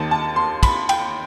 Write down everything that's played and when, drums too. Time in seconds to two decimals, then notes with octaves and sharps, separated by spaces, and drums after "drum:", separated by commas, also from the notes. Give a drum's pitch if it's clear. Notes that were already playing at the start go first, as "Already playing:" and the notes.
Already playing: D#2 D#3 A5
0.11 A5
0.36 C6
0.63 B5, drum: kick, cymbal
0.89 G5, drum: cymbal